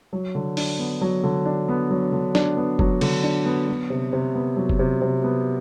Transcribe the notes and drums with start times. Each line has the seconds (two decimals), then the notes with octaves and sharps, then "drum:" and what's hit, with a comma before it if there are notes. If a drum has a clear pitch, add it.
0.13 F#3
0.35 D3
0.57 D4, drum: open hi-hat
0.79 B3
1.01 F#3
1.23 D3
1.46 D4
1.69 B3
1.90 F#3
2.12 D3
2.35 D4, drum: snare
2.57 B3
2.79 F#3, drum: kick
3.01 D3, drum: cymbal
3.24 D4
3.46 B3
3.68 F#3
3.90 C3
4.13 C3
4.35 B3
4.57 F#3
4.69 drum: kick
4.79 C3
5.02 C3
5.23 B3